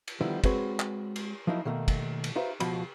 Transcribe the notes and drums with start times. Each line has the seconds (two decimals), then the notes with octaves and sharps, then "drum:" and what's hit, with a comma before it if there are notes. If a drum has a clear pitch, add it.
0.08 drum: cymbal
0.21 D3 D#3 F3 G3 B3 E4
0.44 G#3 C4 F#4 B4 C#5, drum: kick, cymbal
0.80 drum: clap
1.16 drum: cymbal
1.47 F3 F#3 A#3 D#4 E4
1.65 B2 D#3 A3 A#3
1.88 drum: kick, cymbal
2.24 drum: cymbal
2.36 D#4 F#4 B4 C5 E5 F5
2.60 C#2 B2 F3 F#4 B5, drum: cymbal